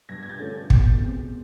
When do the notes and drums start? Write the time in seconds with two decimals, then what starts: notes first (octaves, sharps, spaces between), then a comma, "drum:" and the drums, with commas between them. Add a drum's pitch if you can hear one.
0.09 G2 G#6 A#6
0.23 G#6
0.29 G6 A6
0.39 D3 F3 A3 C#4
0.70 B2 G6 A6, drum: kick
1.01 G#3 C4